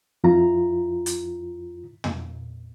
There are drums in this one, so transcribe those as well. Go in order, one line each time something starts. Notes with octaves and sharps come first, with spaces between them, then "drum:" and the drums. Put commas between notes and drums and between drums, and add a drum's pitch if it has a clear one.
F2 E4 F4 A#5
drum: hi-hat
drum: tom